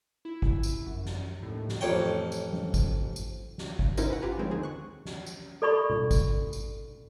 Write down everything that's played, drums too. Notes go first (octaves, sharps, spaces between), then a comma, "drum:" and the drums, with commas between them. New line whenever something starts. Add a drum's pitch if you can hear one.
E4
drum: kick G#1
drum: tambourine
F#2
drum: snare
D#2 A2
drum: snare
A1 F2 C#5 G5
drum: tambourine
drum: tom F#3
drum: kick G#1, tambourine
drum: tambourine
drum: snare
drum: kick G#1
C#4 D#4 E4 F#4 A#4 C5, drum: tambourine
B4 F#5
F4 G4 B4 G#5 A#5
D#3 F3 G#3 C4 C#4
D#2 D3 D#3 C4 G#4
C#6 F#6
drum: snare
drum: tambourine
A4 D5 B5 C#6
drum: tom B2
drum: kick G#1, tambourine
drum: tambourine